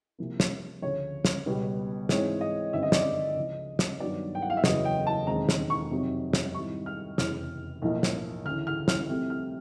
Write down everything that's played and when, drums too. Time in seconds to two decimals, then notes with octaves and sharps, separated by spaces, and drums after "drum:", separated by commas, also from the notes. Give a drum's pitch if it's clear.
0.18 C2 C3 F3 A#3
0.40 drum: snare
0.82 D2 C#3 F3 C#5
1.25 drum: snare
1.46 C#2 B2 G3 B3
2.09 G#2 E3 G#3 C4 C#5, drum: snare
2.41 D#5
2.73 G1 F#2 D#3 G#3 C4 E5
2.83 D#5
2.92 D5, drum: snare
3.02 D#5
3.36 C#2 C#3 F3
3.79 drum: snare
4.00 G2 D#3 F#3 B3 D5
4.35 G5
4.42 F#5
4.50 F5
4.57 E5
4.64 F#1 E2 C#3 F#3 B3 D#5, drum: snare
4.85 G5
5.07 A5
5.27 E1 D#2 D#3 G#3 C4 A#5
5.49 drum: snare
5.70 C#6
5.91 F2 C3 D#3 F#3
6.33 drum: snare
6.54 G#2 D#3 G3 C4 E4 C#6
6.86 F6
7.18 F1 E2 C#3 F6, drum: snare
7.82 B1 A2 F3 A#3
8.03 drum: snare
8.45 D2 C#3 E3 F6
8.67 F6
8.88 F6, drum: snare
9.09 C2 C3 F3 A3
9.30 F6